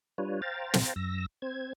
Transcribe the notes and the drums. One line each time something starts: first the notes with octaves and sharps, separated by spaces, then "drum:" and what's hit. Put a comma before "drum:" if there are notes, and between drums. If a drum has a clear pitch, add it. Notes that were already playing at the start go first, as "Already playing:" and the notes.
G3 D4 F4 B4 C#5
C5 F5 G5 A#5 A6
drum: snare
F#2 E6 A#6
C4 C5 G#6